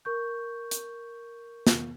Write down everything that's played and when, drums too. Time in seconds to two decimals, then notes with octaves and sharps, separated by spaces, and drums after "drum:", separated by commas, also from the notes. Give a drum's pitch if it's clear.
0.05 A#4 C#6 G6
0.71 drum: hi-hat
1.67 drum: snare